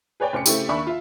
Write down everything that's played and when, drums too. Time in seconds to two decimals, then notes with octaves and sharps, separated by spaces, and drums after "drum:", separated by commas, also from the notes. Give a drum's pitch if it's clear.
0.20 G#4 B4 C#5 D5 G5
0.33 F1 C#4 D6 C#7
0.46 C#3 A3 C4 E4 G4, drum: tambourine
0.69 D#2 D4 E5 B5 C#6
0.87 F4 E5